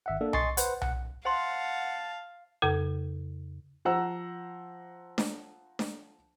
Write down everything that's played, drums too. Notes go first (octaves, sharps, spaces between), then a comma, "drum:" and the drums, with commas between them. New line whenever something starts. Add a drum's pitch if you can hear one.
G#1 E5 F#5
A#3 D4 A4
D#5 G#5 C6 C#6 A6 C7, drum: tom B1
B4 C5 F#5, drum: hi-hat
F#5, drum: tom B1
C5 F5 F#5 A5 C6
F2 C#3 A4
F3 C5 F#5 A#5 E6
drum: snare D4
drum: snare D4